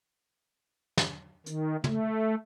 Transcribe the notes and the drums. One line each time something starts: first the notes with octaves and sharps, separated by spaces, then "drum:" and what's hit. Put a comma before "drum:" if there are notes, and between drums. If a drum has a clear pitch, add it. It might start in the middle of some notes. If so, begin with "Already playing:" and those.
drum: snare
D#3, drum: hi-hat
A3, drum: tom